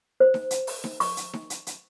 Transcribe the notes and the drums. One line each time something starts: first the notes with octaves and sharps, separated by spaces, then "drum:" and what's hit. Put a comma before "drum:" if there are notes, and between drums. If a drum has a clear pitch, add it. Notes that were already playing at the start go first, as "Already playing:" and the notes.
C5
drum: snare D#4
drum: hi-hat
drum: open hi-hat
drum: snare D#4
C#6, drum: open hi-hat
drum: hi-hat
drum: snare D#4
drum: hi-hat
drum: hi-hat